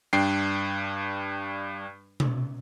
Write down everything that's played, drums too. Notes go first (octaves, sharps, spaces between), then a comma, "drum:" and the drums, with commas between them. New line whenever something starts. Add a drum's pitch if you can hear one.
G2 D4 G5 C7
drum: tom B2